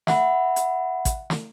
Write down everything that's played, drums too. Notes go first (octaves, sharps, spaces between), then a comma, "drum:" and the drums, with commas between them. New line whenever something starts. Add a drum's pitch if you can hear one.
E5 F#5 B5, drum: snare
drum: hi-hat
drum: kick, hi-hat
drum: snare